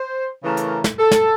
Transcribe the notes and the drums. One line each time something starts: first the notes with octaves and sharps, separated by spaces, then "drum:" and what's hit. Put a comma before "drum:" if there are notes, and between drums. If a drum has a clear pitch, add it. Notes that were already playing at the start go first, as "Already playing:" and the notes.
Already playing: C5
C#3 E3 A3 A#4
drum: hi-hat
drum: snare
A4
drum: snare